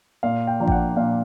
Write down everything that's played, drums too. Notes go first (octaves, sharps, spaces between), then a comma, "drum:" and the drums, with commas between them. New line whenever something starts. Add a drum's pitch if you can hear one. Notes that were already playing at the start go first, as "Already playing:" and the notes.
A#2 F5
G5
F3 A#3 D4
G5, drum: kick A1
F#5
A#2 F5